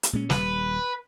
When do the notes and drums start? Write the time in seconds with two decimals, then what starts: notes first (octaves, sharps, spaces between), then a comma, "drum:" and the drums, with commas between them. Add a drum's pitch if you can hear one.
0.03 drum: hi-hat
0.13 A#2 G#3 C#4
0.30 D#1 G3 B4, drum: snare